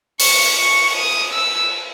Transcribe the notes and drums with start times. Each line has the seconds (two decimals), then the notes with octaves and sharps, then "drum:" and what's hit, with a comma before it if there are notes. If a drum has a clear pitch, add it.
0.20 C#6, drum: open hi-hat
0.58 C#6
0.95 D#6
1.33 E6